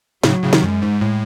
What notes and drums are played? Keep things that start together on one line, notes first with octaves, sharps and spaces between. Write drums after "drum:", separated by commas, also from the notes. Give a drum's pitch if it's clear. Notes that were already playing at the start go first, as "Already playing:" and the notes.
A2 C#3 F#3, drum: snare
A2 C#3
C3 D#3, drum: snare
F#2 G#3
G#2
A2